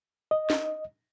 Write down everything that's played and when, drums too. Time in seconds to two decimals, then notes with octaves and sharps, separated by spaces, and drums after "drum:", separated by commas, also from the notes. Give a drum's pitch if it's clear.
0.31 D#5
0.50 drum: snare